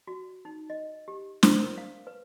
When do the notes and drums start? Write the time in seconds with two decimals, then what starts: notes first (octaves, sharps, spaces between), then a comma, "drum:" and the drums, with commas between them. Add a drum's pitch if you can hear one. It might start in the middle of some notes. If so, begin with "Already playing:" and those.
0.07 F#4
0.45 D#4
0.70 D#5
1.08 G4
1.43 C5, drum: snare
1.62 A#4
1.78 F5
2.07 B4